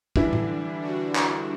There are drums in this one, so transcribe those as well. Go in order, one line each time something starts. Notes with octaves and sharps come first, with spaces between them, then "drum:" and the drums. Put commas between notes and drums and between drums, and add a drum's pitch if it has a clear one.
D3 E3 G3 D4 E4, drum: kick
drum: tom A2
D3 G3 D4 F#4
drum: clap